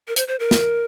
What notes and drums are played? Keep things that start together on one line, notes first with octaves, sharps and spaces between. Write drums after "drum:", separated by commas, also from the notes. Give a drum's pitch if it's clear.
A#4
C5, drum: hi-hat
C5
A#4
drum: snare